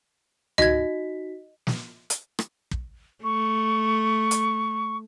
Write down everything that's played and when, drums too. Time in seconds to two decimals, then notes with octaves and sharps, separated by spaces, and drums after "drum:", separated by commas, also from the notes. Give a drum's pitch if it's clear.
0.58 D#4 F#4 D#5 G#6 B6, drum: tom C#2
1.67 drum: snare
2.10 drum: hi-hat
2.39 drum: rim click
2.71 drum: kick
3.24 A3 C#6
4.31 drum: hi-hat